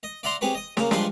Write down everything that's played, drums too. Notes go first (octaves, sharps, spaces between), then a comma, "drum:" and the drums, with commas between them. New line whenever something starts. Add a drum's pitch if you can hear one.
D#5
D5 E5 F#5 A#5 C6
C4 G4 G#4 B4 C#5
D#5 D#6
C#3 A#3, drum: snare
G2 F3 G#3 D4 B4 C6, drum: snare